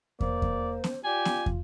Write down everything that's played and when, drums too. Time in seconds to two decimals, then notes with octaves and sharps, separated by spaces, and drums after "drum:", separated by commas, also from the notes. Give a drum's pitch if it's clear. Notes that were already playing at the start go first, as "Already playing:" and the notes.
0.20 A#3 C5 D5, drum: kick
0.42 drum: kick
0.84 drum: snare B3
1.05 F4 G4 D5 G#5
1.25 drum: snare B3
1.46 drum: kick